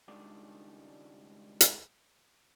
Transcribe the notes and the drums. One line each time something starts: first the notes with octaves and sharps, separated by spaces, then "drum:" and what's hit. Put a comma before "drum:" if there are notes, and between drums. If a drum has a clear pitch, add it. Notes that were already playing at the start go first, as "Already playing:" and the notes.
C#2 D#3 G3 G#3 D4 D5
drum: hi-hat